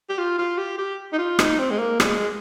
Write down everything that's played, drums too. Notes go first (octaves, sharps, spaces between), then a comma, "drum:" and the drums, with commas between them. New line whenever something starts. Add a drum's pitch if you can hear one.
G4
F4
F4
G4
G4
D#4
F4
D#4, drum: rim click
C4
G#3
A#3
G3, drum: rim click
G#3